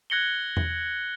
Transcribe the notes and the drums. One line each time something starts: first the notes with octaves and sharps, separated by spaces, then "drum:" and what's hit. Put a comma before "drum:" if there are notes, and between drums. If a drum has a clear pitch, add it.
F#6 G#6 A#6 C#7 F#7 G7
drum: tom E2